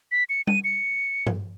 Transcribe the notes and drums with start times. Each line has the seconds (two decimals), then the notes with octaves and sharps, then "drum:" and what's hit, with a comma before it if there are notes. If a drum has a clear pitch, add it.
0.12 B6
0.30 C#7
0.47 D#7, drum: tom G3
0.64 C#7
1.27 drum: tom G2